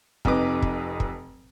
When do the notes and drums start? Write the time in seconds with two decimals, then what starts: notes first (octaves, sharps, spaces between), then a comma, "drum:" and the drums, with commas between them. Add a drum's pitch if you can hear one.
0.25 F1 F2 D#4 B4 D6, drum: kick
0.62 drum: kick
1.00 drum: kick